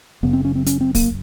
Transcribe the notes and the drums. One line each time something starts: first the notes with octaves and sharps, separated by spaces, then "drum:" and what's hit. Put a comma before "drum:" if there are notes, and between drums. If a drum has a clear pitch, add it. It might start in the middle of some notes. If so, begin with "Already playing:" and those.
F#1 F#2 C#3 B3
C4
C#4
C4
C#4, drum: hi-hat
C4
A#3, drum: kick, open hi-hat